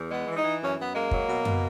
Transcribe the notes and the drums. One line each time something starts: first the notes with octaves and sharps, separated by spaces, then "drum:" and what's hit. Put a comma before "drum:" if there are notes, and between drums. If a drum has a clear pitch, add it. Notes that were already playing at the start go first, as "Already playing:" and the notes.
Already playing: E2
G#3 B3
E3
D#4
E3
F#2 C#4
F#2 B3
G#3 A#3
F#3, drum: kick
B2
B2, drum: tom F#2